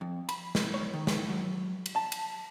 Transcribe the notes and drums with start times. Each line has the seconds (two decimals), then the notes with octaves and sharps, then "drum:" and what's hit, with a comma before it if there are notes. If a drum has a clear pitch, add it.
0.01 F2
0.29 B5, drum: cymbal
0.55 drum: snare
0.74 C#5
0.93 D#3
1.07 drum: snare
1.29 F#3
1.86 drum: cymbal
1.96 A5
2.12 drum: cymbal